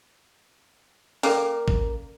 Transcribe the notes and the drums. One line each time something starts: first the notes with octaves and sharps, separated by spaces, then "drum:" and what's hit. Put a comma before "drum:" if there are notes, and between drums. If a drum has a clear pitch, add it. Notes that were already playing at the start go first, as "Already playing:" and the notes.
A#3 C#4 A4 D5, drum: open hi-hat
drum: kick